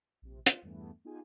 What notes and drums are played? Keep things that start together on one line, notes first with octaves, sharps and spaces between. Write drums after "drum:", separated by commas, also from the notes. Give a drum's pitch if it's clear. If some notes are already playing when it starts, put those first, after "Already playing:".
A#1 C3
F4, drum: hi-hat
E2 G2 E3 A3 B3
B3 D#4 F4 G4 G#4 G#5